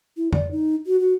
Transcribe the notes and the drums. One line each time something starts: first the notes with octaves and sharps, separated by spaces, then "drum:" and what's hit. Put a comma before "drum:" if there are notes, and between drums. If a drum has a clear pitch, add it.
E4
D5, drum: tom F2
D#4
F#4
F#4